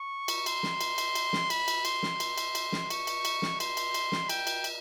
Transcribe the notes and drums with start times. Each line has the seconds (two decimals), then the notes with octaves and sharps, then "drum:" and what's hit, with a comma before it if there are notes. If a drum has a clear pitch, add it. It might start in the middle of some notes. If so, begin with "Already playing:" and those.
Already playing: C#6
0.28 drum: cymbal
0.46 C6, drum: cymbal
0.63 drum: snare
0.81 drum: cymbal
0.98 drum: cymbal
1.15 drum: cymbal
1.33 drum: snare
1.50 B5, drum: cymbal
1.68 drum: cymbal
1.85 C6, drum: cymbal
2.03 drum: snare
2.20 drum: cymbal
2.38 drum: cymbal
2.55 drum: cymbal
2.72 drum: snare
2.90 C#6, drum: cymbal
3.07 drum: cymbal
3.25 drum: cymbal
3.42 drum: snare
3.60 C6, drum: cymbal
3.77 drum: cymbal
3.94 drum: cymbal
4.12 drum: snare
4.29 G5, drum: cymbal
4.47 drum: cymbal
4.64 drum: cymbal